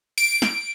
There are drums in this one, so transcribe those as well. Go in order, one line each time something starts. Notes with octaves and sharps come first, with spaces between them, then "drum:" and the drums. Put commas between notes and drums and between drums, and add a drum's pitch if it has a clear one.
D7, drum: cymbal
drum: snare